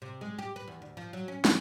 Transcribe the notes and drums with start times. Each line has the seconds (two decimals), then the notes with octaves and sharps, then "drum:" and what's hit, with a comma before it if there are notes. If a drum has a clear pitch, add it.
0.02 C3
0.21 G#3
0.38 G4
0.56 B4
0.68 E2
0.82 D2
0.97 F3
1.13 F#3
1.28 C#4
1.45 E3, drum: snare